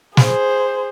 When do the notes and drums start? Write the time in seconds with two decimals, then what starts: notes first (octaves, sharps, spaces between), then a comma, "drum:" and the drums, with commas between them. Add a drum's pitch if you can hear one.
0.17 G#4 C5, drum: snare